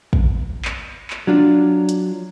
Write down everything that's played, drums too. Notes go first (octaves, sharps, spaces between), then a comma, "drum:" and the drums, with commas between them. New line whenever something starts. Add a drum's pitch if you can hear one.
drum: kick
drum: clap
drum: clap
F#3 D4 F4
drum: hi-hat